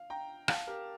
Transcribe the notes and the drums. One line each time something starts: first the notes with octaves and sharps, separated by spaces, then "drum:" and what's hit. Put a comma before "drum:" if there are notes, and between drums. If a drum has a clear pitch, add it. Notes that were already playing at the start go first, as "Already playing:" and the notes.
Already playing: F5
G5 A#5
F5 A5, drum: rim click
G4 A#4